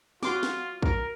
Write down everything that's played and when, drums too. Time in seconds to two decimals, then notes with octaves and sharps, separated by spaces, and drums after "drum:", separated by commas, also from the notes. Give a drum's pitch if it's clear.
0.23 F4 F#4 C6 D6, drum: snare
0.43 drum: snare
0.82 A#4, drum: kick